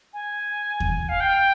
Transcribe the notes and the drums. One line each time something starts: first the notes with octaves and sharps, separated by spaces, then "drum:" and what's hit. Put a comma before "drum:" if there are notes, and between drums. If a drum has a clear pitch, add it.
G#5
drum: kick D#2
F5
G5